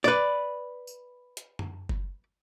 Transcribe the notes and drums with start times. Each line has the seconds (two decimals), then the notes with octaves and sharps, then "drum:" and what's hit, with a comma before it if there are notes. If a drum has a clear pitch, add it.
0.04 B4 D5
0.87 drum: tambourine
1.37 drum: hi-hat
1.59 drum: tom F#2
1.89 drum: kick F#1